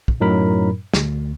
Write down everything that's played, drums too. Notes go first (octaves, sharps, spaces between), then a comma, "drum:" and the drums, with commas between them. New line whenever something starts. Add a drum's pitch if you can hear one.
drum: kick
F#2 A2 F#3 D#4 A#4 B5
D2, drum: snare